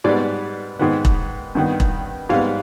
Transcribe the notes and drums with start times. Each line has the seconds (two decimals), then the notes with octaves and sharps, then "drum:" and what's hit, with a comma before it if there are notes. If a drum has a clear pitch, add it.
0.04 G#2 G3 B3 D5
0.79 G#2 D#3 B3
1.05 drum: kick E1
1.55 G2 D#3 B3
1.80 drum: kick E1
2.29 G#2 G3 B3 F5